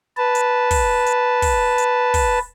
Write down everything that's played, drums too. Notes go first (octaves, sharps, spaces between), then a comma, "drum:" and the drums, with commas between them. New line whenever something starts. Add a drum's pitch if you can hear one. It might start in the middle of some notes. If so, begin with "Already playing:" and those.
B4 A5
drum: hi-hat
drum: kick, open hi-hat
drum: hi-hat
drum: kick, open hi-hat
drum: hi-hat
drum: kick, open hi-hat